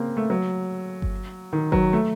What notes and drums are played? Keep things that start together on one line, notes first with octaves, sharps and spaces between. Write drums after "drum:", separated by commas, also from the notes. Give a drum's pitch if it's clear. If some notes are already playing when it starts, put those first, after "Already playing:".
Already playing: C#3 A#3 C4
A3
F#3
drum: kick G1
D#3
F#3, drum: kick G1
A3